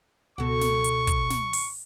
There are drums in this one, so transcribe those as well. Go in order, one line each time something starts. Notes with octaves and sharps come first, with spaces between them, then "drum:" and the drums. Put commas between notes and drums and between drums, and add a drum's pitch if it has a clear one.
C#2 B2 F#4 A4 C#6
drum: snare
drum: hi-hat
drum: kick, hi-hat
drum: snare
drum: open hi-hat